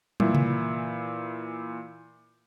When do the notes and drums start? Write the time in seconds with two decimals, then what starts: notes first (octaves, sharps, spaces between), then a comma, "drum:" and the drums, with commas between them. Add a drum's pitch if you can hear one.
0.20 A#2 E3 E4, drum: tom
0.35 drum: tom C3